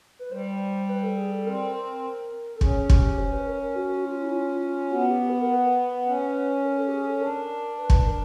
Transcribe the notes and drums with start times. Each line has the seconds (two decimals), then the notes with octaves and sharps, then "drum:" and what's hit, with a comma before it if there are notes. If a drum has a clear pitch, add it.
0.19 B4
0.31 G3 C5
0.89 B4
1.03 A4
1.17 G#4
1.31 A4
1.46 C4 A#4
1.75 A#4
2.56 A4
2.61 C#4 G#4, drum: kick
2.90 G4, drum: kick
3.18 C5
3.33 B4
3.47 A#4
3.62 A#4
3.76 F#4
4.05 F4
4.23 E4
4.34 F4
4.62 F4
4.91 B3 F#4
5.11 G4
5.30 B4
5.41 A#4
5.53 B4
6.06 C#4
6.63 A#4
6.78 A4
6.88 G4
6.92 G#4
7.06 A4
7.21 D4 A#4
7.78 B4
7.90 drum: kick
8.07 A#4